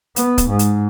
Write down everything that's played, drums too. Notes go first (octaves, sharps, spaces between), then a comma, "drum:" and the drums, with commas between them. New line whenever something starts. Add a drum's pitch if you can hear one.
B3, drum: hi-hat
drum: kick C#1, hi-hat
G#2
drum: hi-hat